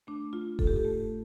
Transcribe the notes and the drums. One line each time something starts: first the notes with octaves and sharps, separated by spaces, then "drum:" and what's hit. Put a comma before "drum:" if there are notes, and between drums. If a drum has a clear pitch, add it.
A3 D4
A3 F4
G2 A4, drum: kick D#1
G4
A4
A3